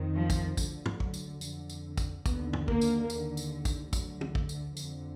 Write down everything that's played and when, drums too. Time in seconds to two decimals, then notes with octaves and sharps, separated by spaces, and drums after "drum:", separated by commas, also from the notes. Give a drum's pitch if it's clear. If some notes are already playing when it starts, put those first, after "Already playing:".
Already playing: F2 D#3
0.16 F3
0.30 drum: kick, tambourine
0.57 D2 D3, drum: kick, tambourine
0.86 drum: tom
1.00 F#3, drum: kick
1.14 drum: tambourine
1.41 F2 D3, drum: tambourine
1.70 drum: tambourine
1.97 drum: kick, tambourine
2.26 D#2 D3 B3, drum: kick, tambourine
2.53 drum: tom
2.68 A#3, drum: kick
2.81 drum: tambourine
3.10 D#2 D3, drum: tambourine
3.37 drum: tambourine
3.65 drum: kick, tambourine
3.93 D2 D3 F#3, drum: kick, tambourine
4.21 drum: tom
4.35 drum: kick
4.49 drum: tambourine
4.77 F2 D3, drum: tambourine